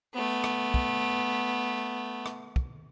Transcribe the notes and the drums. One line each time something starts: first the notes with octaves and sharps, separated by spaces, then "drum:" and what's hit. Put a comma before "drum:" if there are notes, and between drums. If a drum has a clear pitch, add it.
A3 B3
drum: rim click
drum: kick
drum: rim click
drum: kick